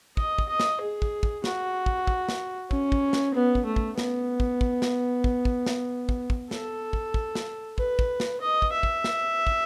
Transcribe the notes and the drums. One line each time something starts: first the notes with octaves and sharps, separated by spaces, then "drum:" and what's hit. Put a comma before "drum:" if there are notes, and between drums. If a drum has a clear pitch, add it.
D#5, drum: kick
drum: kick
D#5
drum: snare
G#4
drum: kick
drum: kick
F#4, drum: snare
drum: kick
drum: kick
drum: snare
C#4, drum: kick
drum: kick
drum: snare
B3
drum: kick
A3
drum: kick
B3, drum: snare
drum: kick
drum: kick
drum: snare
drum: kick
drum: kick
drum: snare
drum: kick
drum: kick
A4, drum: snare
drum: kick
drum: kick
drum: snare
B4, drum: kick
drum: kick
drum: snare
D#5
drum: kick
E5
drum: kick
drum: snare
drum: kick